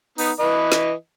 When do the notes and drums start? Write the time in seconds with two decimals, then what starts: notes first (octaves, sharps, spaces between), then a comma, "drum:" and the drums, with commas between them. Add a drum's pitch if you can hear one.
0.18 B3 D#4, drum: open hi-hat
0.40 E3 B4 D#5
0.72 drum: snare